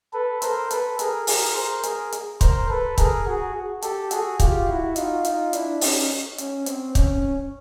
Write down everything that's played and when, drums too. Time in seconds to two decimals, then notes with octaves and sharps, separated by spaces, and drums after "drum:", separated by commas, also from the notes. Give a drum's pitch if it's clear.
0.13 A4 B4
0.42 A#4 C5, drum: hi-hat
0.71 A4 B4, drum: hi-hat
0.99 G#4 A#4, drum: hi-hat
1.27 G#4 A#4, drum: open hi-hat
1.55 A#4 C5
1.83 G#4 A#4, drum: hi-hat
2.12 drum: hi-hat
2.41 A#4 C5, drum: kick, hi-hat
2.70 A4 B4
2.98 G#4 A#4, drum: kick, hi-hat
3.26 F#4 G#4
3.82 G4 A4, drum: hi-hat
4.11 F#4 G#4, drum: hi-hat
4.40 F4 G4, drum: kick, hi-hat
4.68 E4 F#4
4.96 D#4 F4, drum: hi-hat
5.25 D#4 F4, drum: hi-hat
5.53 D4 E4, drum: hi-hat
5.81 C#4 D#4, drum: open hi-hat
6.38 C#4, drum: hi-hat
6.66 C4, drum: hi-hat
6.95 C#4, drum: kick, hi-hat